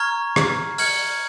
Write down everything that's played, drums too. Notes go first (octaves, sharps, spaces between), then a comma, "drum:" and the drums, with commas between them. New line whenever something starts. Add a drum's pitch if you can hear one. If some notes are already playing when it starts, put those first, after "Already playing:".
Already playing: A#5 C#6 F6 G#6
drum: rim click
F6 G#6 C#7, drum: open hi-hat